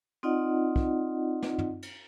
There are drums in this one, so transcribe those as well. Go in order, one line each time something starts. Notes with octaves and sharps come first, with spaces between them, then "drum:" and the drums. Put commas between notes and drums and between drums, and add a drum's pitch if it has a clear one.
C4 D#4 F4 D5 D#5 F#5
drum: kick
drum: snare
drum: tom
drum: cymbal